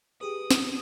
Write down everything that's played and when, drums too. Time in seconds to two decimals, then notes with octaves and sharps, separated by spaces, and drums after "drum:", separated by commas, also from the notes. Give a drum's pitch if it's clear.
0.21 G4 G#4 B4 D#6
0.51 drum: snare